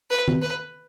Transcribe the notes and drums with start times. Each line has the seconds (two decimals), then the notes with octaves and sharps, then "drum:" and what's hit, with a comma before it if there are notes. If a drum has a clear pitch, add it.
0.10 B4
0.28 drum: tom D#3
0.42 B4